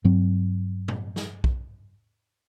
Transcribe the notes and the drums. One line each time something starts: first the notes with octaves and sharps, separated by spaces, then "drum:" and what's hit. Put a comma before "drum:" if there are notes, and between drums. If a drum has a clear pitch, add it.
G2 F#3 C4
drum: tom A2
drum: snare
drum: kick B1